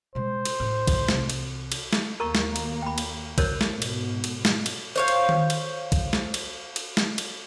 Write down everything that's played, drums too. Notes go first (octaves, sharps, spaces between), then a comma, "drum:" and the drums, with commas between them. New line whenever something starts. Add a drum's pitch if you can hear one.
B2 G#3 C5
drum: cymbal
A2
drum: kick, cymbal
C2 E3, drum: snare
drum: cymbal
drum: cymbal
drum: snare
D#2 A#3 A#4 A#5 C#6
drum: snare
drum: cymbal
G5 B5
drum: cymbal
A#4 C5 C#5, drum: kick, cymbal
drum: snare
G#2 B2
drum: cymbal
drum: cymbal
drum: snare
drum: cymbal
C5 C#5 F5
drum: cymbal
drum: tom D#3
drum: cymbal
drum: kick, cymbal
drum: snare
drum: cymbal
drum: cymbal
drum: snare
drum: cymbal